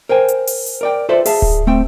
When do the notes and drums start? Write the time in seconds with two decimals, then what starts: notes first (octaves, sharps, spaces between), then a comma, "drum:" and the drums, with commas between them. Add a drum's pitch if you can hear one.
0.09 A#4 C5 G5 G#5
0.28 drum: hi-hat
0.47 drum: open hi-hat
0.66 drum: hi-hat
0.81 A#4 D5 G5
1.09 F4 A4 B4 C5 D5 E5
1.26 G#4 E5 F5 A5, drum: open hi-hat
1.42 drum: kick D1
1.67 A3 C4 G5